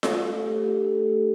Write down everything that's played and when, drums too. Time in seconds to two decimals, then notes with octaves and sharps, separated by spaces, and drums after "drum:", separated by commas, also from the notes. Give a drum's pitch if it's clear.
0.03 drum: snare F4
0.19 A3 A4
0.40 D4 G4
0.62 A3 G4
0.84 D4 A4
1.06 A3